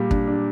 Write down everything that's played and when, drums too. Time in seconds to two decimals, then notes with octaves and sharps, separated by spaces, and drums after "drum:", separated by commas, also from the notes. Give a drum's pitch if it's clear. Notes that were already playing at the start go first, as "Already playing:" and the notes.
Already playing: A#2 G3
0.11 D4, drum: kick
0.27 D4